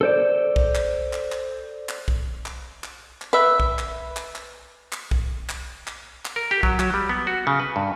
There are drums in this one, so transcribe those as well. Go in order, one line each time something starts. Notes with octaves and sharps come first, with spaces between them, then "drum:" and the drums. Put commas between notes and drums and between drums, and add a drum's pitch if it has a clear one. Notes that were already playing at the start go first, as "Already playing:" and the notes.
A4 C5 D5
drum: kick B1
drum: clap
drum: clap
drum: clap
drum: clap
drum: kick B1
drum: clap
drum: clap
drum: clap
B4 E5
drum: kick B1
drum: clap
drum: clap
drum: clap
drum: clap
drum: kick B1
drum: clap
drum: clap
drum: clap
A#4
G4
F#3, drum: kick B1
F#3, drum: clap
G3
B3
F#4
C#3
B4
G2